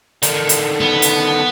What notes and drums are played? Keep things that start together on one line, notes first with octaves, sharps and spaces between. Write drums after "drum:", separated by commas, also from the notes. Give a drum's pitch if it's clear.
D3 D#3, drum: hi-hat
drum: hi-hat
B3
drum: hi-hat